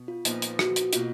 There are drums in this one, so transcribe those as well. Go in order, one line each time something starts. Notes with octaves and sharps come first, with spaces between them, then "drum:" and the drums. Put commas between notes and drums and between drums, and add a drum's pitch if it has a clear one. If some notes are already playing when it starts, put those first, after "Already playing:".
Already playing: B2
F4
A#2 F3 B3 D#4, drum: hi-hat
drum: hi-hat
F#4, drum: rim click
drum: hi-hat
B2 A#3 D#4 F4, drum: hi-hat